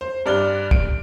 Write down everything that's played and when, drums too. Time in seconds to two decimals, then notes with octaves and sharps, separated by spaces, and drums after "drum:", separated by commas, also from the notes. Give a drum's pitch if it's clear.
0.01 C5
0.26 G2 D5 F6 G7
0.71 D7, drum: kick